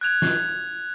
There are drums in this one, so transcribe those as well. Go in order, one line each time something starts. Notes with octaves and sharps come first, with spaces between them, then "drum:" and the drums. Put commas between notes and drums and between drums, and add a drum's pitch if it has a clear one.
F#6 G#6 F7
drum: snare